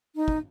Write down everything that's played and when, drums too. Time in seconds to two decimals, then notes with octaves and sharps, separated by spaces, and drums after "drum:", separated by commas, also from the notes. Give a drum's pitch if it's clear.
0.16 D#4
0.28 drum: kick